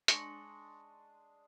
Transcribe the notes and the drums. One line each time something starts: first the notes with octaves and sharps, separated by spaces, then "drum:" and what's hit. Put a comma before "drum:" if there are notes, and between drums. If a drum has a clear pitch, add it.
G#3 D4 C#6 A#6 C#7, drum: hi-hat